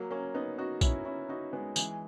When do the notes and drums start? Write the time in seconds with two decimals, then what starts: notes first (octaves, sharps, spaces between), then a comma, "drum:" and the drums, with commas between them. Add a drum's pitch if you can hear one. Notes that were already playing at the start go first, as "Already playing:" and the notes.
Already playing: F#3 A#3
0.11 A#3 C#4
0.35 B3 D#4
0.58 D#4 F#4
0.81 C#4 E4, drum: kick, tambourine
1.05 C#4 E4
1.29 D#4 F#4
1.53 G#3 B3
1.76 E3 G#3, drum: tambourine